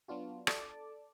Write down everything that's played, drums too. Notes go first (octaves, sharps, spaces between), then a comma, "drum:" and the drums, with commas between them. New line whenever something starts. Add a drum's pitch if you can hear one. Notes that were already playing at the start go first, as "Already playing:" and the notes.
F#3 B3 D4 F4 F#4
A4 D5 A5 D6, drum: rim click